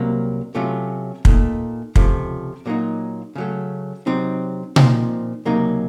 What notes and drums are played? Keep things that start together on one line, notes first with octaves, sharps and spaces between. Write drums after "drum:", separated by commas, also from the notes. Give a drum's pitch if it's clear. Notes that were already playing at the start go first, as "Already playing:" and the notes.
Already playing: C2 C3 F#3 A#3
C3 F#3 A3 C#4 F4
A#2 A3 D#4, drum: kick
C#2 C3 F3 A3, drum: kick
A#2 F#3 A#3 D#4
C#3 F#3 A3
C3 F#3 C4 D#4
A#2 F3 C4 D#4, drum: tom B2
C#2 C3 F#3 A#3 D#4